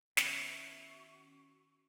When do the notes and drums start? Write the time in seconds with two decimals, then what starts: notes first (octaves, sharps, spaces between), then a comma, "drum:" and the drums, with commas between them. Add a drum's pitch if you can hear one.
0.17 D#3 B3 C#4 E4 F#4, drum: snare